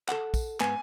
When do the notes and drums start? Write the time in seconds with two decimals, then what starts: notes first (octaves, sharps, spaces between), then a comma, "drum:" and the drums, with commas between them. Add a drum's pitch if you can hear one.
0.09 A4 F#5, drum: clap
0.34 drum: kick, tambourine
0.61 G#2 B3 G#5, drum: clap